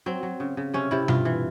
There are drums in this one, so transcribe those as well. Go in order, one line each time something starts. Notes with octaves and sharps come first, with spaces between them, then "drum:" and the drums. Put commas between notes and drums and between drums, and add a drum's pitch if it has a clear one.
F#3 C4
F#3
C#3
C#3
C3 C#4
C3 E4
G2 F4, drum: tom B2
E3